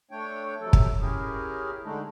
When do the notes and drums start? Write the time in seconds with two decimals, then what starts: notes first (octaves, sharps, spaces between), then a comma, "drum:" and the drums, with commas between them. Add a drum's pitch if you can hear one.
0.11 A3 D4 C#5 G5
0.60 C3 F3 F#3 A4
0.73 drum: kick
1.01 C#4 E4 G4 G#4 A#4
1.84 D3 G#3 A3 D4 D#4